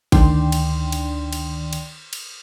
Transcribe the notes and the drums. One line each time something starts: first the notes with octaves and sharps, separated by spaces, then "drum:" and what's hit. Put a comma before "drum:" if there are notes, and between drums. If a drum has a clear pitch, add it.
D2 D#3 D4 D5 G5 C6, drum: kick A1, cymbal
drum: cymbal
drum: cymbal
drum: cymbal
drum: cymbal
drum: cymbal